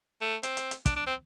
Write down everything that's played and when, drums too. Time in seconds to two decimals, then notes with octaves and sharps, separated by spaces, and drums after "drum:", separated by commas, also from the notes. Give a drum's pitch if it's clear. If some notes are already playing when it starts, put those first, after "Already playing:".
0.21 A3
0.43 C4, drum: hi-hat
0.57 drum: hi-hat
0.71 drum: hi-hat
0.86 D4, drum: kick, hi-hat
0.96 D4
1.07 C4